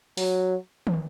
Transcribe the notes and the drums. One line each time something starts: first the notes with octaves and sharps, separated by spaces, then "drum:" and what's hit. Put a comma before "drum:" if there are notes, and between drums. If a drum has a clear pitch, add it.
F#3, drum: open hi-hat
drum: tom